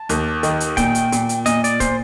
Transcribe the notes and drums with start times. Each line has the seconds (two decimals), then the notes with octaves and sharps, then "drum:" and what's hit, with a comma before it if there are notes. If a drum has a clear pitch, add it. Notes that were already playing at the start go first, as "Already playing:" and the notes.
Already playing: A5
0.09 D#2, drum: hi-hat
0.43 D#3, drum: hi-hat
0.60 drum: hi-hat
0.77 A#2 G5, drum: kick C#1, hi-hat
0.95 drum: hi-hat
1.12 A#2, drum: hi-hat
1.29 drum: hi-hat
1.46 A#2 D#5, drum: hi-hat
1.64 D5, drum: hi-hat
1.80 A#2 C5, drum: kick C#1, hi-hat